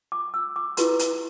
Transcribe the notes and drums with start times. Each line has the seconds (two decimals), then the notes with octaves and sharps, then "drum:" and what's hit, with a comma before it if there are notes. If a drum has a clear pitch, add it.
0.12 D6
0.34 E6
0.56 D6
0.77 E4 G4 B4 C6, drum: hi-hat
0.99 drum: hi-hat